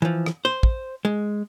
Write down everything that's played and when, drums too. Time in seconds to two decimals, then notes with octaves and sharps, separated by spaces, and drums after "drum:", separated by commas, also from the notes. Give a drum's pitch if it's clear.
0.02 E3 F3
0.26 drum: rim click
0.45 C5
0.63 drum: kick
1.05 G#3